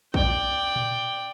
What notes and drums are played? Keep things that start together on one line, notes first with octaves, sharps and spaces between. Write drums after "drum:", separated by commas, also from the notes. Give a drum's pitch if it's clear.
D5 G5, drum: kick
drum: tom A#2